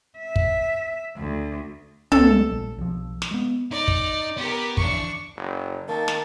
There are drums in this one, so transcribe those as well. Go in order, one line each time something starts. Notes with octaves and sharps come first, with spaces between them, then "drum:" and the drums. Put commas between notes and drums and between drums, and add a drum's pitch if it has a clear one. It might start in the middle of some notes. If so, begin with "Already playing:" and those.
E5
drum: kick
D2
C#2 A4, drum: tom
A#1
B1 F3
drum: snare
G#3 B3
D#4 D5
drum: kick
B3 G4 A#4
E3 F3 D4 C#6, drum: kick
F#1
D#3 A#3 A5
drum: snare